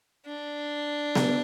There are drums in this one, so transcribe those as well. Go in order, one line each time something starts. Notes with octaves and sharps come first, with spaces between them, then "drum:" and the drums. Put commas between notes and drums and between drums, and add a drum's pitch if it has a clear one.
D4
drum: snare B3